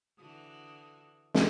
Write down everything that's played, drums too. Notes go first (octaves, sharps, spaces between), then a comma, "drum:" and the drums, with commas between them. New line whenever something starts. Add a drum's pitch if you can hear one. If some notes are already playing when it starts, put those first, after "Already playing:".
D3 E3 F#4 D#6
drum: snare